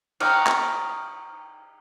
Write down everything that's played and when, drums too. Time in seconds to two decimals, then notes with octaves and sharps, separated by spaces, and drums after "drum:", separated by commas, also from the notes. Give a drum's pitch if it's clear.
0.20 G5 A#5 C#6 D#6 F6 F#6, drum: cymbal
0.47 drum: clap